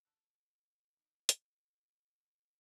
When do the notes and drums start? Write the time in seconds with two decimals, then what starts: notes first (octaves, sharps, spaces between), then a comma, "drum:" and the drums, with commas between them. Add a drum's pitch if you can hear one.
0.05 A5 E6 F#6
0.97 D#4
1.29 drum: hi-hat